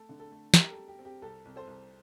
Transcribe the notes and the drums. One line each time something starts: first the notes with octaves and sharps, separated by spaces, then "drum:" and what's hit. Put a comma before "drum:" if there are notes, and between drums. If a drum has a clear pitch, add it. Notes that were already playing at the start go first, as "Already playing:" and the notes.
Already playing: A3 A4
D3
A4
A3
G3 G4 A#4, drum: snare
A4
G3
G4
C4
G4
C2 A4
C2
A4 C5
C2